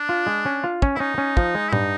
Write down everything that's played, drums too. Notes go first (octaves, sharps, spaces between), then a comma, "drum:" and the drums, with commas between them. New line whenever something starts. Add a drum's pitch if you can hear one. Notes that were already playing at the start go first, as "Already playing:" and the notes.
Already playing: D4
F4
G#3
C#4
F4
C#4, drum: kick
E4
C#4 D#4
C#4
F3, drum: kick
G#3
E4
G2 D#4, drum: tom A2